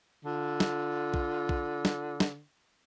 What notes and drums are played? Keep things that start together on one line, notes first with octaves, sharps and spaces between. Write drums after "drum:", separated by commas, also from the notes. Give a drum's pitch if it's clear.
D3 F4
drum: snare
drum: kick A#1
drum: kick A#1
drum: snare
drum: snare